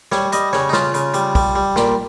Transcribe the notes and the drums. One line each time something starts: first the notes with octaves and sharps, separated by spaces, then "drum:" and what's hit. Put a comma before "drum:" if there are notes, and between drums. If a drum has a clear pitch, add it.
G3 C#5, drum: snare
G3 D#5, drum: hi-hat
C#3 C#5, drum: snare
D#4
C#3 F4, drum: snare
C#3, drum: hi-hat
G3, drum: hi-hat
G3, drum: kick, open hi-hat
G3
A#2, drum: snare